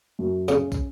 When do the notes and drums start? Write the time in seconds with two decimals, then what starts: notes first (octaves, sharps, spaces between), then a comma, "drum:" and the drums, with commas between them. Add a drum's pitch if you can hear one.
0.19 F#2
0.48 C#3 C#4, drum: tambourine
0.72 drum: kick, tambourine